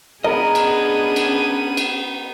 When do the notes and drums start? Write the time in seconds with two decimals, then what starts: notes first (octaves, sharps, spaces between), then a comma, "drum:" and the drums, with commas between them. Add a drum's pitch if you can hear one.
0.25 B3 C#4 D4 G#4 A#4 D#5 D#7
0.55 drum: cymbal
1.16 drum: cymbal
1.77 drum: cymbal